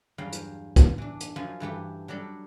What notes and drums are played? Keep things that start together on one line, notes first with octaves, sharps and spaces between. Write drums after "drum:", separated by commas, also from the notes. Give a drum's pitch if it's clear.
E2 G2 F#3 F5 G5
drum: hi-hat
drum: kick, hi-hat
E3 D4
drum: hi-hat
F#2 F3 C#4 E5 F5 G#5
G2 E3 A3 G4
F#3 G3 D4 A4